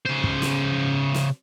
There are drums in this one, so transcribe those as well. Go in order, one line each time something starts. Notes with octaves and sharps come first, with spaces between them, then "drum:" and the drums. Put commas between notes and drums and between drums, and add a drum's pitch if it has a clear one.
C#3 C5
drum: kick
drum: snare
drum: snare